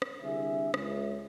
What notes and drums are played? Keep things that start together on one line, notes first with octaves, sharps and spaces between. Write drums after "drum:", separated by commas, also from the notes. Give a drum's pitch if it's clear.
drum: rim click
C2 D3 G#4 E5
C#2, drum: rim click